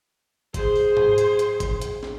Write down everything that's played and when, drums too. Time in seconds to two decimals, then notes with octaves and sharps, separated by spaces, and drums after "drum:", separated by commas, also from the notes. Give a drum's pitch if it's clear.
0.54 G#4 C5, drum: kick, hi-hat
0.76 drum: open hi-hat
0.97 drum: tom G#2
1.18 drum: hi-hat
1.39 drum: hi-hat
1.60 drum: kick, hi-hat
1.81 drum: hi-hat
2.03 drum: snare